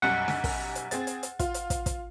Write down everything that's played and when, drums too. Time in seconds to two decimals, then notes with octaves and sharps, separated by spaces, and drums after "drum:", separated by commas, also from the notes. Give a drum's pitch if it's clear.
0.02 B1 F#2 G3 F#5
0.28 drum: snare
0.44 drum: kick, open hi-hat
0.75 drum: hi-hat
0.91 C4 G#4 A6, drum: hi-hat
1.07 drum: hi-hat
1.23 drum: hi-hat
1.39 F4, drum: kick, hi-hat
1.54 drum: hi-hat
1.70 drum: kick, hi-hat
1.86 drum: kick, hi-hat